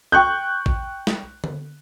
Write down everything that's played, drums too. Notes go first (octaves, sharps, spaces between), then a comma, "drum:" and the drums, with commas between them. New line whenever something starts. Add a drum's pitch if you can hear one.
G5 C#6 F#6 G6
drum: kick A1
drum: snare
drum: tom D3